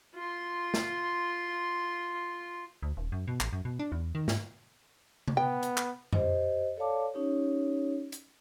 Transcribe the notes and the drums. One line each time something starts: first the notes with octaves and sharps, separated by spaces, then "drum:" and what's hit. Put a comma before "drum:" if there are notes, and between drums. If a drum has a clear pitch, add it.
F4 C6
drum: snare
D2
D#1
F#2
B2
A1, drum: clap
F#2
B2
D4
E2
D#3
G#2, drum: snare
drum: tom C3
B3 G5
drum: hi-hat
drum: clap
G4 C5 D#5, drum: tom F2
A4 C#5 D5 F5 A5 D6
C#4 D#4 G4 C#5
drum: hi-hat